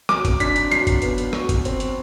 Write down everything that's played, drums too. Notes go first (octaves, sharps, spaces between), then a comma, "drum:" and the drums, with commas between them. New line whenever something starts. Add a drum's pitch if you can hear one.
F#3 D6, drum: rim click
drum: kick, hi-hat
D4 B6, drum: hi-hat
drum: hi-hat
F#3 C7, drum: hi-hat
drum: kick, hi-hat
B3, drum: hi-hat
drum: hi-hat
F#4, drum: rim click
drum: kick, hi-hat
C4, drum: hi-hat
drum: hi-hat